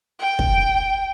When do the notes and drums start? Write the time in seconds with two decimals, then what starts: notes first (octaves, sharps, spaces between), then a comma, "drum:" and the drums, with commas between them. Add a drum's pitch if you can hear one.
0.19 G5
0.39 drum: kick